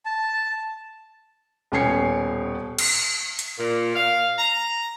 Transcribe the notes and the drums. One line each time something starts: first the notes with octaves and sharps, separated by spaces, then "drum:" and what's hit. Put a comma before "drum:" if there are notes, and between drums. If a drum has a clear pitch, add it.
A5
D#1 B2 C#4 G#5 C7 C#7
drum: cymbal
drum: hi-hat
A#2
F5
A#5